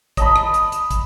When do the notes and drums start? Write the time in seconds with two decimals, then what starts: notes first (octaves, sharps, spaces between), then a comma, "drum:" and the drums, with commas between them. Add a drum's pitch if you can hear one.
0.17 D#5 A5 B5, drum: kick, hi-hat
0.36 drum: rim click
0.54 drum: hi-hat
0.72 drum: hi-hat
0.91 drum: kick, hi-hat